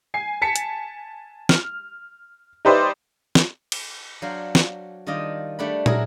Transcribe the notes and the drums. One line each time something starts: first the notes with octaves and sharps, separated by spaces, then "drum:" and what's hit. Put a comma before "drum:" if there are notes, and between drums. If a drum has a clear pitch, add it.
G#5 C7
G#5 A5 B6 C#7
drum: hi-hat
F6, drum: snare
D#4 G4 B4 C5 D5 E5
drum: snare
drum: cymbal
F#3 D4 C5 F5
drum: snare
D#3 G3 D4 F4 D#5
G3 A3 D4 F#5 B5
F#3 E4 G#4 A#4, drum: tom